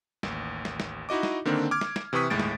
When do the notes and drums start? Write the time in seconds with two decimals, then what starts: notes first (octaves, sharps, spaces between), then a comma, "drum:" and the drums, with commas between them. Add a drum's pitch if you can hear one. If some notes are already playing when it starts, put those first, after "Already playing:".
0.23 A1 D#2, drum: snare
0.65 drum: snare
0.80 drum: snare
1.09 D#4 E4 F#4 D#5 D6
1.23 drum: snare
1.45 D3 D#3 A#3 C4 D4
1.71 D6 F6 G#6
1.81 drum: snare
1.96 drum: snare
2.13 C3 E3 B4 C#6 D#6 B6
2.30 G1 D#2 A2 G#3 A6 D7
2.40 drum: snare